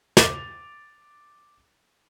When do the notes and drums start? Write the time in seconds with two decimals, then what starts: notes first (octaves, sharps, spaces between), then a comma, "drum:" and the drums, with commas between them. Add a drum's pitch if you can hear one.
0.17 D6 A6 F7, drum: snare